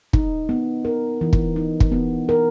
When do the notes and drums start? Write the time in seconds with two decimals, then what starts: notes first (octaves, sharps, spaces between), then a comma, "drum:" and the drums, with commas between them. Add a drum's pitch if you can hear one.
0.13 D#4, drum: kick
0.49 B3
0.85 A#4
1.21 E3
1.33 drum: kick
1.56 D#4
1.80 drum: kick
1.92 B3
2.29 A#4